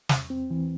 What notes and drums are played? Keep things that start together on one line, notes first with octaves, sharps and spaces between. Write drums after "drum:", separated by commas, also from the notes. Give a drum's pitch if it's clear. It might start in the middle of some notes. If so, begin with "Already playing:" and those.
E2, drum: snare
C4
E3